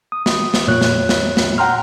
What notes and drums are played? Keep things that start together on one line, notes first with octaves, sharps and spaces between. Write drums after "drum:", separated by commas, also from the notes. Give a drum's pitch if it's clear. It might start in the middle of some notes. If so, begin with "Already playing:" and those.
D#6
drum: snare
drum: snare
F2 A#2 C#5 F#6
drum: snare
drum: snare
drum: snare
F#5 G5 A#5 C6 F6